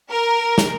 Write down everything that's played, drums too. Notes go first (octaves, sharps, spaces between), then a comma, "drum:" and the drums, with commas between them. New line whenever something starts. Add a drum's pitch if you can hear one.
A#4
drum: snare